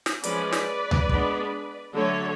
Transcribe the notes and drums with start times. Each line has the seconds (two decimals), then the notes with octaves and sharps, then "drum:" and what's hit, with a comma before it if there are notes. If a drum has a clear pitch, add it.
0.06 drum: snare
0.24 F3 G#3 C#4 B4 D5, drum: hi-hat
0.52 drum: snare
0.91 drum: tom D2
1.09 G#3 B3 D4, drum: kick
1.94 D3 F#3 A3 A4 C#5